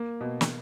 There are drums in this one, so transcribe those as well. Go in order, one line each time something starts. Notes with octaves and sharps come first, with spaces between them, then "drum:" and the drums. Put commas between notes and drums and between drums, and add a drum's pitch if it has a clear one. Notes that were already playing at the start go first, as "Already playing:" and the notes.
Already playing: A#3
B2
drum: snare